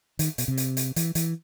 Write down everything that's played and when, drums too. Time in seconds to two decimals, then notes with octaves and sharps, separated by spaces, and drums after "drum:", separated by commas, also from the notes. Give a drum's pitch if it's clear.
0.19 D#3, drum: hi-hat
0.38 B2, drum: hi-hat
0.48 C3
0.57 drum: hi-hat
0.77 drum: hi-hat
0.96 E3, drum: hi-hat
1.15 E3, drum: hi-hat